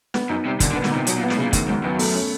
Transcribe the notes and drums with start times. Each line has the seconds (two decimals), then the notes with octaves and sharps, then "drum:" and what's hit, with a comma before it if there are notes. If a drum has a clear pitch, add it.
0.14 B3, drum: snare
0.29 F#2 D#4
0.45 C3 G3
0.60 A#2 D3, drum: kick, hi-hat
0.72 D3
0.76 B3
0.84 D3, drum: snare
0.91 C3 D#4
1.07 B2 F#3, drum: hi-hat
1.18 A#2
1.23 B3
1.30 A2, drum: snare
1.37 A#2 C#3
1.53 D#2 A2, drum: kick, hi-hat
1.69 G#2 F#3
1.84 F#2 B3
1.99 A3, drum: open hi-hat
2.15 C#4